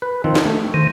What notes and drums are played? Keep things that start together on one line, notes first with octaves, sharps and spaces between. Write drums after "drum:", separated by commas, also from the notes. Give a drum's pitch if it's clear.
B4
D#3 F3 C4
drum: snare
A3
D#3 C5